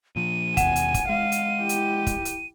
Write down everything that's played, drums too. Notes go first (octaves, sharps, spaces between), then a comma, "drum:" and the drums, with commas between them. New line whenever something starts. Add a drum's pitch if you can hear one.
A#2 F3 D#7
D#2 B2 F#5 G#5 E7, drum: kick, hi-hat
drum: hi-hat
drum: kick, hi-hat
G#3 F5
drum: hi-hat
E4 G4
drum: hi-hat
drum: kick, hi-hat
drum: hi-hat